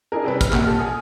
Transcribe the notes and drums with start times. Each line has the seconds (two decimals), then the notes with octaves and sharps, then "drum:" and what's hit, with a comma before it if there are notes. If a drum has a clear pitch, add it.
0.12 D4 E4 G#4 A#4
0.24 C3 G3 C4 C#4 B4
0.41 F6, drum: kick, hi-hat
0.53 A#1 C3 A#3 F#5, drum: clap
0.67 A4
0.79 G#5 D#6